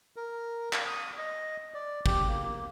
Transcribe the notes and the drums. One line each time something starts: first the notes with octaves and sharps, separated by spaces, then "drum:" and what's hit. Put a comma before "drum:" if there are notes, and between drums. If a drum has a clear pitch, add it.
A#4
F5, drum: clap
D#6
D#5
D5
G4, drum: kick
A#3